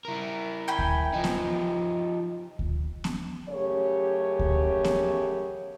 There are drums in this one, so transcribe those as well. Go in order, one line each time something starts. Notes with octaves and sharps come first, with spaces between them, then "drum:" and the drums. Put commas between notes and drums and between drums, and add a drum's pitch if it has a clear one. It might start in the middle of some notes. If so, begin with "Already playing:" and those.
E4 A#4
G5 G#5 B5
drum: kick D2
F3 D#4
drum: snare B3
drum: kick D2
drum: snare B3
F#2 C#3 A3 G4 C#5
drum: kick D2
drum: snare B3